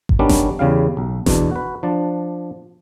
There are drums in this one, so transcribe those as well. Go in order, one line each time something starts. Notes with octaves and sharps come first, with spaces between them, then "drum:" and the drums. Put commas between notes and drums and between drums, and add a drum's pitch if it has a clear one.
drum: kick G#1
D#3 G3 B3 C#4 D4
drum: snare F#1
E2 C#3 G3 F5
B1
E2 B2 D4, drum: snare F#1
F#4 B4
F3 D4 A5